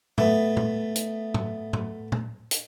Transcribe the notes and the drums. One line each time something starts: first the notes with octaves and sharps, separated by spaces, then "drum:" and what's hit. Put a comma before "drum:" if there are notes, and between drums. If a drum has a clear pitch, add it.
A3 B3, drum: tom A2
drum: tom
drum: hi-hat
drum: tom A2
drum: tom A2
drum: tom A#2
drum: hi-hat